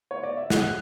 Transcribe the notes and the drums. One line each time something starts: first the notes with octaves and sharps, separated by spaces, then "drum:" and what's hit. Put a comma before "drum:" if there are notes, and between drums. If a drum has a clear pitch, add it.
C#5
D5
E5
F#5 F#6, drum: snare